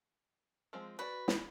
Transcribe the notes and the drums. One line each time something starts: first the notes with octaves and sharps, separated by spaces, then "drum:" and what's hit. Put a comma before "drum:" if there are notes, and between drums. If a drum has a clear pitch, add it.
F3 G#3 C4
F#4 B4 D5
drum: snare